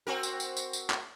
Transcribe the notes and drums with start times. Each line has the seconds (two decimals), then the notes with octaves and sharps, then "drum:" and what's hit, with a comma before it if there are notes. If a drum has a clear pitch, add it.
0.07 C4 F#4 A#4
0.23 drum: tambourine
0.40 drum: tambourine
0.57 drum: tambourine
0.73 drum: tambourine
0.90 drum: clap